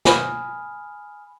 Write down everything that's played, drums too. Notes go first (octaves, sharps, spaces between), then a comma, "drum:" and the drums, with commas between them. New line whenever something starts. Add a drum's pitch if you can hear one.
G#5 B5 D#6 F6, drum: snare